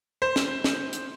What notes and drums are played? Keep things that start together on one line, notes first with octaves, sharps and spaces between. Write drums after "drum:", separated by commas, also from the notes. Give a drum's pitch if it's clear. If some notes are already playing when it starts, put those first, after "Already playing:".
C5
drum: snare
drum: snare
drum: hi-hat